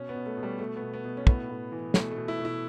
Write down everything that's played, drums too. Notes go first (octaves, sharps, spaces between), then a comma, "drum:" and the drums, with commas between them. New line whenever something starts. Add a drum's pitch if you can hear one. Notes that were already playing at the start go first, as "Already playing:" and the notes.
Already playing: B2 C#4
B3
B2
A3
B2
G3
B2 A3
B2 B3
B3
B2
C#4
A2 B3, drum: kick
A2
E3
B2 A3, drum: snare
A3
B2
E4
B2
E4